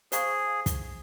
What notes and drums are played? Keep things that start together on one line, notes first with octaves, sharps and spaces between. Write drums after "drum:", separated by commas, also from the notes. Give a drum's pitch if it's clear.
G#4 C5 F5 A#5 C#6, drum: hi-hat
drum: kick, hi-hat